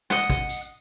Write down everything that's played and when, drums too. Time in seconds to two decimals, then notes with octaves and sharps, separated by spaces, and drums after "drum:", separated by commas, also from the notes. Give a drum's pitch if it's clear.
0.10 D#5 F#5, drum: snare
0.30 drum: kick, tambourine
0.49 drum: tambourine